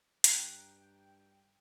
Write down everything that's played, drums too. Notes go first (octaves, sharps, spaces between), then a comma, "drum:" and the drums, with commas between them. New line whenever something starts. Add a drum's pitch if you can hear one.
G2 G5 A#5 F#6, drum: hi-hat